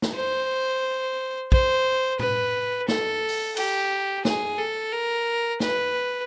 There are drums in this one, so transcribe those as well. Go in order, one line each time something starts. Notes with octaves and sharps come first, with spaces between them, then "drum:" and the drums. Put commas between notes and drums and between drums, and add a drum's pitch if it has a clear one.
drum: snare
C5
C5, drum: kick
B4, drum: tom A2
A4, drum: snare
drum: open hi-hat
G4, drum: cymbal
G#4, drum: snare
A4
A#4
B4, drum: snare